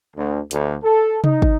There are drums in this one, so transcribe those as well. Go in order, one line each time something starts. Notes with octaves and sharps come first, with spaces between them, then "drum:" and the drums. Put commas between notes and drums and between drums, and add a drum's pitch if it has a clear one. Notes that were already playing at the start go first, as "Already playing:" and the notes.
D2
D2, drum: hi-hat
A4
D#4, drum: tom C3
drum: kick